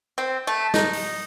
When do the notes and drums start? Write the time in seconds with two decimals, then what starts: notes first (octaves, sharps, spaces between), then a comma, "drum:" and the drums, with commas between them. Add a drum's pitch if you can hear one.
0.18 C4
0.47 A3
0.74 D#4, drum: snare
0.93 drum: open hi-hat